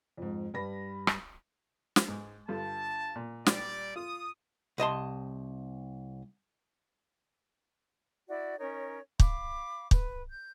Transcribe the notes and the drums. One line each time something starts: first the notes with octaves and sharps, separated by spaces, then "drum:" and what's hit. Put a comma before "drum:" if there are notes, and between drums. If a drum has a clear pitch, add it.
F2 G#2
G2 B4 B5 A#6
drum: rim click
drum: snare
G#2
G2 D3 F4 A5
A#2
G3 D5, drum: snare
F4 D#6
C2 D#5 A5 C6
E4 F#4 D5
C#4 D#4 A#4 C#5
F5 B5 D6, drum: kick
B4, drum: kick
G6